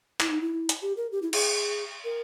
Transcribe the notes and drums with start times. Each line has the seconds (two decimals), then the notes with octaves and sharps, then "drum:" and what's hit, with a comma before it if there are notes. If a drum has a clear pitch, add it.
0.20 E4, drum: clap
0.30 D#4
0.41 E4
0.69 drum: hi-hat
0.82 G4
0.97 A#4
1.12 G4
1.22 E4
1.33 G#4, drum: cymbal
2.04 A#4